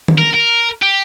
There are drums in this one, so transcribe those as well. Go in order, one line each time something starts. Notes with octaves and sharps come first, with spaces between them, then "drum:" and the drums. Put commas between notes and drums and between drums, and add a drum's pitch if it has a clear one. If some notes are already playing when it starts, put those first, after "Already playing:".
drum: tom D#3
A#4
A#4
G4